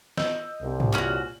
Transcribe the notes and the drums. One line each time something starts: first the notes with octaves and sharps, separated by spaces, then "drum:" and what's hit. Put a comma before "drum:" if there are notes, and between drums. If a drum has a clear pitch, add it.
D#5 E6 G6, drum: snare
C2
drum: tom
A#2 C#4 F#4 F#7, drum: clap